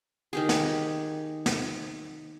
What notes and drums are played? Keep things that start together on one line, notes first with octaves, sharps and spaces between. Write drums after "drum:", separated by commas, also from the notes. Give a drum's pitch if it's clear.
D#3 G4 G#4
drum: snare
drum: snare